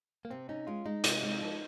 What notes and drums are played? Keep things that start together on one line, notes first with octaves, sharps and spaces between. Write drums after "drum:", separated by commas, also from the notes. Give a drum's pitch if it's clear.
A#3
C3 C4
C#4 D#4
G#3 F4
G#3 D#4
C3, drum: hi-hat
G#3
F3